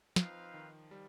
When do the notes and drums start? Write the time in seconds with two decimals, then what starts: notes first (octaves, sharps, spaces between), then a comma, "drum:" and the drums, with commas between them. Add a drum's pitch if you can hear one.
0.16 F3 C4 D#4 B4 F5, drum: snare
0.54 D#3
0.91 G3